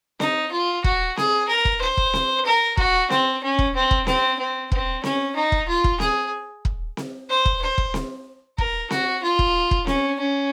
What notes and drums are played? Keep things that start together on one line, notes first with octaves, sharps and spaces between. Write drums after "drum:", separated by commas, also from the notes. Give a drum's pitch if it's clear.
D#4, drum: snare C4
F4
F#4, drum: kick
G#4, drum: snare C4
A#4
drum: kick
C5
drum: kick
drum: snare C4
A#4
F#4, drum: kick
C4, drum: snare C4
C#4
drum: kick
C4
drum: kick
C4, drum: snare C4
C4
C4, drum: kick
C#4, drum: snare C4
D#4
drum: kick
F4
drum: kick
G#4, drum: snare C4
drum: kick
drum: snare C4
C5
drum: kick
C5
drum: kick
drum: snare C4
A#4, drum: kick
F#4, drum: snare C4
F4
drum: kick
drum: kick
C#4, drum: snare C4
C#4